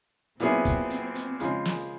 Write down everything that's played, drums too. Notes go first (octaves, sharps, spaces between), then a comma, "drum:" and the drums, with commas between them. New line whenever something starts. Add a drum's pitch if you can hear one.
A#2 F#3 B3 C4 E4 G#4, drum: hi-hat
drum: kick, hi-hat
drum: hi-hat
drum: hi-hat
C#3 F3 G#3, drum: hi-hat
drum: snare